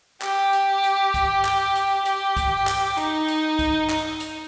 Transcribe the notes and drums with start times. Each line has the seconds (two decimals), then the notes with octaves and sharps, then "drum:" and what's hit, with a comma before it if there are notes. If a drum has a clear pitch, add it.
0.22 G4, drum: clap
0.53 drum: hi-hat
0.84 drum: hi-hat
1.14 drum: kick, hi-hat
1.45 drum: clap
1.75 drum: hi-hat
2.05 G4, drum: hi-hat
2.37 drum: kick, hi-hat
2.67 drum: clap
2.97 D#4, drum: hi-hat
3.28 drum: hi-hat
3.59 drum: kick, hi-hat
3.90 D#4, drum: clap
4.20 drum: hi-hat